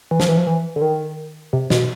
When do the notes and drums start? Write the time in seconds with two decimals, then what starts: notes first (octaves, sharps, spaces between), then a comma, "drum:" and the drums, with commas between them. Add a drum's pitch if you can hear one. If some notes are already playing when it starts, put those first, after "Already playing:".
0.11 E3
0.20 F3, drum: snare
0.28 E3
0.37 F3
0.47 E3
0.76 D3
0.81 D#3
1.53 C3
1.70 B2, drum: snare